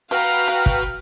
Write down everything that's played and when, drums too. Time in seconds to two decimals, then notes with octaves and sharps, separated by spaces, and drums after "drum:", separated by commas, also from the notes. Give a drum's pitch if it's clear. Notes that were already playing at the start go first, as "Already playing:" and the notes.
0.11 F#4 B4 F5 G5 A#5 F6, drum: hi-hat
0.48 drum: hi-hat
0.66 drum: kick